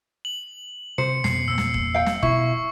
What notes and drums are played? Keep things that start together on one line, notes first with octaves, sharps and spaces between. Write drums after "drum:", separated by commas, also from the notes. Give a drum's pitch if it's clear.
F#7
C3 C5 C#7
F2 B2 B3 C7, drum: snare
E2 A#2 E6
drum: snare
drum: kick
F5 G5
drum: snare
B2 E4 C#6, drum: kick